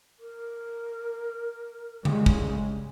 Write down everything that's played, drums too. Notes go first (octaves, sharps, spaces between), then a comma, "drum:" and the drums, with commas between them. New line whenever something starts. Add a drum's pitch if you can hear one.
A#4
C#3 G3 G#3, drum: tom C#3
drum: kick